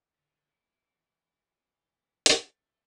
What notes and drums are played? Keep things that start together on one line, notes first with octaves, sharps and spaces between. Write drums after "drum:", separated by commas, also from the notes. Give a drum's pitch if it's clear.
D3
F3
E3
drum: hi-hat
A3